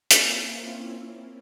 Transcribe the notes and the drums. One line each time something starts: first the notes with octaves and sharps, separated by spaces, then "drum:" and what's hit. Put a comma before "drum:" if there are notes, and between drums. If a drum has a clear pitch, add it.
A#3 C4 C#4 E4 F4, drum: hi-hat